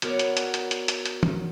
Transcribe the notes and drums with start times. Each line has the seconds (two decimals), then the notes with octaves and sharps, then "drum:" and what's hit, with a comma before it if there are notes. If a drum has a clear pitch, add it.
0.02 B3 F#4 A#4 C#5 D5, drum: hi-hat
0.19 drum: hi-hat
0.37 drum: hi-hat
0.54 drum: hi-hat
0.71 drum: hi-hat
0.88 drum: hi-hat
1.06 drum: hi-hat
1.23 drum: tom